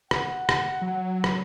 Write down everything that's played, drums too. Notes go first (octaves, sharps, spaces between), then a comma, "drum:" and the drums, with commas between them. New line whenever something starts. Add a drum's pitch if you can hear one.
F#5, drum: rim click
drum: rim click
F#3
drum: rim click